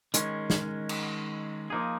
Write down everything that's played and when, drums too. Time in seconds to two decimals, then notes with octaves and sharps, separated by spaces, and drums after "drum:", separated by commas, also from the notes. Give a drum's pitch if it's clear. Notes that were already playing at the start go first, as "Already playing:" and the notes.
0.14 D#3 G#3 C#4, drum: hi-hat
0.50 drum: snare
0.89 drum: cymbal
1.70 F3 A#3 D#4 G#4